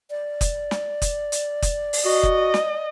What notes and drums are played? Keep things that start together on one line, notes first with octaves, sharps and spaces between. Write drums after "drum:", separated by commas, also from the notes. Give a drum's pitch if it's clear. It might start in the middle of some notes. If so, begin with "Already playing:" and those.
D5
drum: kick, hi-hat
drum: snare
drum: kick, hi-hat
drum: hi-hat
drum: kick, hi-hat
drum: open hi-hat
F#4 D#5
drum: kick
drum: snare